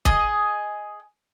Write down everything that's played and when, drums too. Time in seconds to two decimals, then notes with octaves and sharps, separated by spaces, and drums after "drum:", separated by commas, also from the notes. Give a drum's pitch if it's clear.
0.05 G#4 D#5, drum: kick